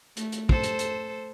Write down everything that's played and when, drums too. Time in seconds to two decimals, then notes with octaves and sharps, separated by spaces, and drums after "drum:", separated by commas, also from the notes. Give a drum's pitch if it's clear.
0.17 A3, drum: hi-hat
0.32 drum: hi-hat
0.49 A4 C5, drum: kick
0.63 drum: hi-hat
0.79 drum: hi-hat